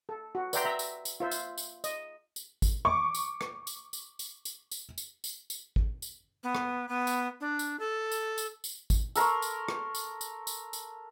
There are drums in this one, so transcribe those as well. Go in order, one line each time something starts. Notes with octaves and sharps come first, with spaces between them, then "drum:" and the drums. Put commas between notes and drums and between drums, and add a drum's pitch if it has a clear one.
A4
F#4
B4 D5 E5 G5 A#5 C6, drum: tambourine
E5 A#5 B5
drum: tambourine
drum: tambourine
F4 C5 E5
drum: tambourine
drum: tambourine
D#5, drum: tambourine
drum: tambourine
drum: kick, tambourine
C#6 D6
drum: tambourine
drum: rim click
drum: tambourine
drum: tambourine
drum: tambourine
drum: tambourine
drum: tambourine
drum: tambourine
drum: tambourine
drum: tambourine
drum: kick
drum: tambourine
B3
drum: rim click
B3
drum: tambourine
D4
drum: tambourine
A4
drum: tambourine
drum: tambourine
drum: tambourine
drum: kick, tambourine
A4 A#4 C6 C#6, drum: tambourine
drum: tambourine
drum: rim click
drum: tambourine
drum: tambourine
drum: tambourine
drum: tambourine